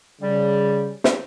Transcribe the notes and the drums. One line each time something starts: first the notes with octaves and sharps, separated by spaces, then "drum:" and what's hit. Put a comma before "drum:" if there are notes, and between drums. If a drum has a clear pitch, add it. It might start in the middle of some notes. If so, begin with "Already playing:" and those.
C#3 G3
drum: snare